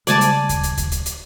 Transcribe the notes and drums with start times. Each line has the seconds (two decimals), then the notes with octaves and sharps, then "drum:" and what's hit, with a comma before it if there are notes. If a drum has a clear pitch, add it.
0.07 C#3 G3 G#3 D5 G#5 A5, drum: hi-hat
0.21 drum: hi-hat
0.49 drum: kick D2, hi-hat
0.63 drum: hi-hat
0.78 drum: kick D2, hi-hat
0.92 drum: hi-hat
1.06 drum: hi-hat